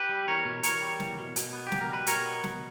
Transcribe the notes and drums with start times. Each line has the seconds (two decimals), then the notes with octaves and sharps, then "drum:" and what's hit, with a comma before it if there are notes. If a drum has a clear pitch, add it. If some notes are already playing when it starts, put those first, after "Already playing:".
Already playing: G4 B4
0.09 G3
0.28 E2 A#4 C#5
0.45 B2
0.63 E2 A#4 C#5, drum: hi-hat
0.81 G3
1.00 E2, drum: snare
1.18 B2
1.36 B2, drum: hi-hat
1.53 B3
1.67 G4
1.72 B2, drum: snare
1.81 A#4
1.89 G3 B4
2.07 B2 A#4 C#5, drum: hi-hat
2.25 B3
2.44 B2, drum: snare